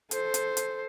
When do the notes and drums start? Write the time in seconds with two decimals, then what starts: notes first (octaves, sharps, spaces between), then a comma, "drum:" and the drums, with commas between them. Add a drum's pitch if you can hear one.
0.11 A4 C5, drum: hi-hat
0.34 drum: hi-hat
0.57 drum: hi-hat